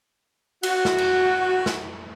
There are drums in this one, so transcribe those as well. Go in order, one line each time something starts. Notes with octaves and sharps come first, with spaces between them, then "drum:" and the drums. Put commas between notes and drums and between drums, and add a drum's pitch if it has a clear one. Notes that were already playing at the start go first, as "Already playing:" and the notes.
F#4, drum: cymbal
drum: snare
drum: cymbal
drum: snare